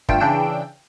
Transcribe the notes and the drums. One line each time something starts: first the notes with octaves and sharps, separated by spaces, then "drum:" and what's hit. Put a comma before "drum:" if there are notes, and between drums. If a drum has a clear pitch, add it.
G2 D3 A3 F4 G5 E7, drum: kick
C#3 E3 D4 G5 E6 D7